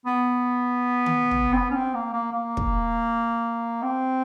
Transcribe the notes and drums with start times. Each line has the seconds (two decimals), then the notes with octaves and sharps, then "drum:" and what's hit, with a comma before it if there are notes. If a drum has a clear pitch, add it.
0.06 B3
1.06 drum: tom D#3
1.31 drum: tom
1.53 C4
1.57 B3
1.70 C#4
1.75 C4
1.94 A#3
2.13 A#3
2.32 A#3
2.57 drum: kick
3.83 C4